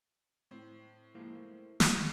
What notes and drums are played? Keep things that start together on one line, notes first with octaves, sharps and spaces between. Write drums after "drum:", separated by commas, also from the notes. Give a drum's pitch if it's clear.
A2 C4
F3 G#3 A#3 E4 A#4 C5
A3
drum: snare